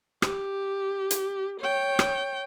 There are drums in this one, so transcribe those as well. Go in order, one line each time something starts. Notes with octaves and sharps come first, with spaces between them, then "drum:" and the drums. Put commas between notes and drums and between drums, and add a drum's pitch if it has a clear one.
G4, drum: rim click
drum: hi-hat
C#5 G5
drum: rim click